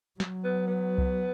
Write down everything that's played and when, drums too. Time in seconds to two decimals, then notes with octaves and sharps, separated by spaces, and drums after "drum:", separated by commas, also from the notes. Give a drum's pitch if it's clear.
0.20 F#3, drum: snare
0.44 B3
0.67 B3
0.98 drum: kick C2